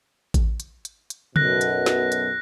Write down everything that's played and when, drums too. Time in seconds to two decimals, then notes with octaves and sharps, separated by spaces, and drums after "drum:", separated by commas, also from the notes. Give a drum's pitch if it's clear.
0.34 drum: kick G#1, hi-hat
0.60 drum: hi-hat
0.85 drum: hi-hat
1.10 drum: hi-hat
1.36 B1 F#2 B2 F#6 A#6, drum: tom C#3
1.61 drum: hi-hat
1.86 drum: snare
2.12 drum: hi-hat